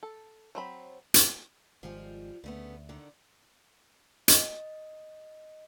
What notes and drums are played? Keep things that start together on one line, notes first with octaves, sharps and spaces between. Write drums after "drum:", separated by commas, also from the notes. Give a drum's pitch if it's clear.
A4
F#3 C4 B5
drum: hi-hat
G#1 D#3 F3 G3 G#3 F4
D2 C#3 A3 B3
D3 D#3
D#5, drum: hi-hat